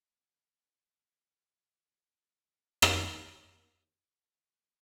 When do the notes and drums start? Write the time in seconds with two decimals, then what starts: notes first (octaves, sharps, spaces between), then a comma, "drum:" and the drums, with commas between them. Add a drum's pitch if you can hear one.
0.12 D#3 G3 G#3 B3
0.25 C3 D#3 A#3
0.82 G#1 A3
1.02 C3 A3
1.35 F#2 C3 E3
2.23 G2 A#2
2.82 drum: rim click
3.05 C#3 G#4 A5 A#5 F#6 G#6